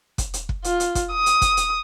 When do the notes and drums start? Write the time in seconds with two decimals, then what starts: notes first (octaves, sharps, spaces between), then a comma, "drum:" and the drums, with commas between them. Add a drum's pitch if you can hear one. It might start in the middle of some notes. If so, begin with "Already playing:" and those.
0.18 drum: kick, hi-hat
0.34 drum: hi-hat
0.49 drum: kick
0.64 F4, drum: hi-hat
0.80 drum: hi-hat
0.95 drum: kick, hi-hat
1.13 D#6
1.26 drum: hi-hat
1.42 drum: kick, hi-hat
1.57 drum: hi-hat